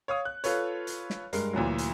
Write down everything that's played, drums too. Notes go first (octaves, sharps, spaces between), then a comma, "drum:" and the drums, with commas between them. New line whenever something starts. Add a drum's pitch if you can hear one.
C#5 F5 C#6 D#6
F#6
F4 A4 B4 C#5, drum: hi-hat
drum: hi-hat
drum: snare
G2 G#3 A#4, drum: hi-hat
D2 A#2 E3 F#3
drum: hi-hat